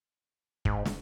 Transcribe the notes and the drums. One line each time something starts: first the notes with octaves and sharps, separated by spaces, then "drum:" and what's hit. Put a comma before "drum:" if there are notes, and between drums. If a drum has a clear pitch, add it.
G#2, drum: kick
drum: snare